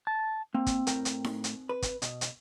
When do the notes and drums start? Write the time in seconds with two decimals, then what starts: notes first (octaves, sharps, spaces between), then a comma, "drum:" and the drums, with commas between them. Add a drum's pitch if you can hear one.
0.07 A5
0.54 A#3 C4
0.66 drum: kick, hi-hat
0.87 A2 A#4 G5, drum: hi-hat
1.05 drum: hi-hat
1.24 drum: snare D#4
1.44 drum: hi-hat
1.69 B4
1.82 drum: kick, hi-hat
2.02 B2, drum: hi-hat
2.21 drum: hi-hat